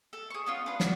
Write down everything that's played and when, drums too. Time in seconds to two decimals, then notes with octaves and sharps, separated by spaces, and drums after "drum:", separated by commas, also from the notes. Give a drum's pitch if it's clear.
0.13 A4
0.30 G#4 C#6
0.46 B3 C#4 F4
0.66 D4 B4
0.80 F#4, drum: snare